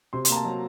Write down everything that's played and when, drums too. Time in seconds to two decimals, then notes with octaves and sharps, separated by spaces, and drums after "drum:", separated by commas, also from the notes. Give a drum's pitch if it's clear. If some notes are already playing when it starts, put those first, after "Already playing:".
0.13 C3 C6
0.25 C6, drum: hi-hat
0.29 A#3 A#5
0.36 A5
0.45 F#3